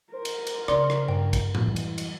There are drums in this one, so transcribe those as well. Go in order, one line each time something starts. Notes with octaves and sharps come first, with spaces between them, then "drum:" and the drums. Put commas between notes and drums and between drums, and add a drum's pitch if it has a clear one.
A#4 C5
drum: cymbal
drum: cymbal
C#3 D5 C6, drum: rim click
drum: rim click
G2 G5
drum: kick, cymbal
drum: tom A2
F#2 E3 G3
drum: cymbal
drum: cymbal